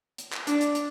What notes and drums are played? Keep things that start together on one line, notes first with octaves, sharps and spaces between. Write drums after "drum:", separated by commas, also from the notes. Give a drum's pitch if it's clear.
drum: hi-hat
drum: clap
D4, drum: hi-hat
drum: hi-hat
drum: hi-hat